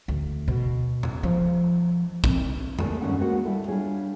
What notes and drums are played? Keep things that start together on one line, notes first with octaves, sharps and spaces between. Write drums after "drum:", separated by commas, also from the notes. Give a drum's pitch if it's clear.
D2
B2
drum: tom E2
F3
C2, drum: kick
E2 A3 A#3 G#4, drum: tom E2
G2 D#3 G3 C#4 F#5
G#3 A#3 C4 F#4 F#5
G3 E4 A4
G3 D4 F4 G#4 C#5